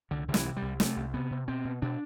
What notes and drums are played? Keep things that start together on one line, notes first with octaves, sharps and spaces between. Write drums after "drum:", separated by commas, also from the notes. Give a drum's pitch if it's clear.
C2 D3
C2 D3
E3, drum: snare
C3
G3
C2
C3 A3, drum: snare
C2
C3 B3
C3
B2 C4
B2
B2 D4